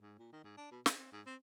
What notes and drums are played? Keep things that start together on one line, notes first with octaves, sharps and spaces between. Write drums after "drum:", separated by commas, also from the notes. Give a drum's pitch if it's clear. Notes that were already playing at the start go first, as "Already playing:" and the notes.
G#2
A#2
D#3
G#2
D4
B2
C#4, drum: snare
C4
G#2
C4